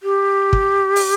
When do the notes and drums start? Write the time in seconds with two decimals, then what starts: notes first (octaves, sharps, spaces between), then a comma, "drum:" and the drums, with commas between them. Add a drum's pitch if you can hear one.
0.03 G4
0.53 drum: kick
0.96 drum: open hi-hat